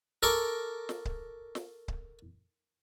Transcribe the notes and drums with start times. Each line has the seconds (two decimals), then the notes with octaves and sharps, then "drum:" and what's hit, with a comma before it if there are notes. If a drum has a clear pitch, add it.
0.23 A4 A#4 C#6 D6
0.89 drum: snare
1.05 drum: kick C#1
1.55 drum: snare
1.88 drum: kick C#1